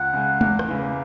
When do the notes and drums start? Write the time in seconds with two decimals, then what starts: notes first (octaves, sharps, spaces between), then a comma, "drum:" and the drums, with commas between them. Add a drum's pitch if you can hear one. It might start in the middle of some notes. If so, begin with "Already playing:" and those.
Already playing: C#2 F#5
0.13 C#3 G#3
0.41 E2, drum: tom G#3
0.59 drum: rim click
0.69 C#3 E3